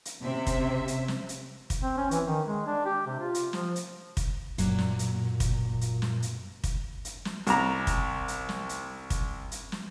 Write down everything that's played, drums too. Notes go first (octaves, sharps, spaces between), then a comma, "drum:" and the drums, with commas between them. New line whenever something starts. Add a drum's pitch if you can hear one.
drum: hi-hat
C3 C#4 C5 E5
drum: kick, hi-hat
drum: hi-hat
drum: snare
drum: hi-hat
drum: kick, hi-hat
C4
C#4
E3, drum: hi-hat
D#3
G#3
D4
G4
C3
F4
drum: hi-hat
F3, drum: snare
drum: hi-hat
drum: kick, hi-hat
F#2 A#2 F#3, drum: hi-hat
drum: snare
drum: hi-hat
drum: kick, hi-hat
drum: hi-hat
drum: snare
drum: hi-hat
drum: kick, hi-hat
drum: hi-hat
drum: snare
C2 A#5, drum: hi-hat
drum: kick, hi-hat
drum: hi-hat
drum: snare
drum: hi-hat
drum: kick, hi-hat
drum: hi-hat
drum: snare